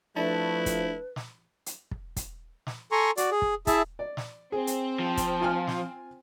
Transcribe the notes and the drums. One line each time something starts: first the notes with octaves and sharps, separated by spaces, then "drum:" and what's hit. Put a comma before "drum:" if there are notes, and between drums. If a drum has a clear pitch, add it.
F3 A3 D4 E4 B4 A5 B5
drum: kick, hi-hat
drum: snare
drum: hi-hat
drum: kick
drum: kick, hi-hat
drum: snare
A4 G#5 A#5 C6 C#6
F#4 D5, drum: hi-hat
G#4
drum: kick
E4 G#4 E5 A5, drum: kick, hi-hat
D5
drum: snare
C4 G#4
drum: hi-hat
F3
drum: kick, hi-hat
F4 G#5 F6
drum: snare